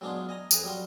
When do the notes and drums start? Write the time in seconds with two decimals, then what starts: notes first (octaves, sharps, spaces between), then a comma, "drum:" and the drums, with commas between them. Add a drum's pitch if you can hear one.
0.01 F#3 G#3 B3 D4 F4 G#4
0.29 D#5 G#5 A#5
0.51 F2 G#4 B4 A#5, drum: tambourine
0.63 F#3 G3 F4